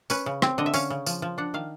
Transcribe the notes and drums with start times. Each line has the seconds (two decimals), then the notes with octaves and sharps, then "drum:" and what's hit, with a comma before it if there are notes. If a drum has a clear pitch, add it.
0.10 C#4 B4, drum: tambourine
0.26 C#3
0.42 C4, drum: rim click
0.58 D3 D#5
0.66 E5
0.74 C#4 F5, drum: tambourine
0.90 C#3
1.06 F3, drum: tambourine
1.22 F3
1.38 D4 F#5
1.54 D#3 F5